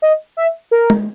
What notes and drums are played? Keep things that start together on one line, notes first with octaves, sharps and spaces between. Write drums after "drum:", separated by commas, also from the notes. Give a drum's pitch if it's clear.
D#5
E5
A#4
drum: tom G#3